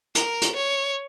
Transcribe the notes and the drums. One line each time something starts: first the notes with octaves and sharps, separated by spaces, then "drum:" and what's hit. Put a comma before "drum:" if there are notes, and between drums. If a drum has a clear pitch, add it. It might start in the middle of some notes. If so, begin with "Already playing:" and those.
A#4, drum: hi-hat
drum: hi-hat
C#5